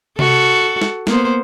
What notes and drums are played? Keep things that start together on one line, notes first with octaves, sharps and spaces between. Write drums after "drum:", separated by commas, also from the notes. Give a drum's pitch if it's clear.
F#4 A4, drum: tom C3
drum: snare
A#3 B3 C5, drum: snare